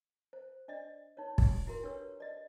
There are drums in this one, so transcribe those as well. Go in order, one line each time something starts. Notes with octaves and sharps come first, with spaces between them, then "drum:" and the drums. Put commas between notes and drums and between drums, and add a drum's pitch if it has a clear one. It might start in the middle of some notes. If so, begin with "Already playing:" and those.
C5
D4 D5 D#5
D#4 C#5
drum: kick
E4 F#4 A#4 C6
D4 G4 B4 C#5 E6
D5 D#5